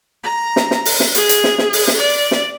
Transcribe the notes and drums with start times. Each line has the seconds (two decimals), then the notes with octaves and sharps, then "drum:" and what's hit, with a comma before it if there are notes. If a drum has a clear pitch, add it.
0.23 A#5
0.56 drum: snare
0.71 drum: snare
0.85 drum: open hi-hat
1.00 drum: snare
1.15 G#4, drum: hi-hat
1.29 drum: hi-hat
1.44 drum: snare
1.58 drum: snare
1.73 drum: open hi-hat
1.88 drum: snare
1.97 D5
2.31 drum: snare